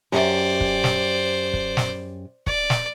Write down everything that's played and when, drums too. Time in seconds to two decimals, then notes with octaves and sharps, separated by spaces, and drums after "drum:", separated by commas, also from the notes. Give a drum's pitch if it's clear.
0.12 F#2 G4 C5 D5
0.61 drum: kick
0.84 drum: snare
1.54 drum: kick
1.77 drum: snare
2.47 D5, drum: kick
2.70 drum: snare